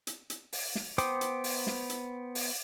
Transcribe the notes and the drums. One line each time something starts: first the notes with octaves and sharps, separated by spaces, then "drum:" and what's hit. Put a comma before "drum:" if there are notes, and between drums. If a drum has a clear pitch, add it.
drum: hi-hat
drum: hi-hat
drum: open hi-hat
drum: snare
B3 C5 G5 D6 D#6, drum: hi-hat
drum: hi-hat
drum: open hi-hat
drum: snare
drum: hi-hat
drum: open hi-hat